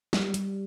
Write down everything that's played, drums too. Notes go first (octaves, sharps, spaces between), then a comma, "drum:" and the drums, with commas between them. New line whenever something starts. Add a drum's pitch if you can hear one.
G3, drum: snare
G3, drum: hi-hat